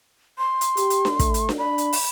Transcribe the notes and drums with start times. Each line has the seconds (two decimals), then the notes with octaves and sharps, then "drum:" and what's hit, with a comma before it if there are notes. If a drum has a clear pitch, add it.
0.38 C6
0.61 drum: hi-hat
0.77 G4, drum: hi-hat
0.90 drum: hi-hat
1.05 drum: snare D4
1.19 A3, drum: kick, hi-hat
1.34 drum: hi-hat
1.49 drum: snare D4
1.58 D4 B5
1.78 drum: hi-hat
1.93 drum: open hi-hat